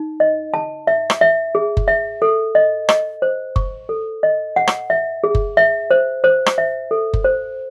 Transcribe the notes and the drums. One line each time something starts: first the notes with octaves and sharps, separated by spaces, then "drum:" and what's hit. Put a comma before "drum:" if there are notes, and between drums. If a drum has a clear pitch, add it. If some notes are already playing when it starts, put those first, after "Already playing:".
Already playing: D#4
D#5
A5
E5
drum: rim click
E5
G#4
drum: kick F#1
E5
A4
D#5
D#5, drum: rim click
C5
C#6, drum: kick F#1
A4
D#5
F#5
drum: rim click
E5
G#4
drum: kick F#1
E5
C5
C5
drum: rim click
E5
A4
drum: kick F#1
C5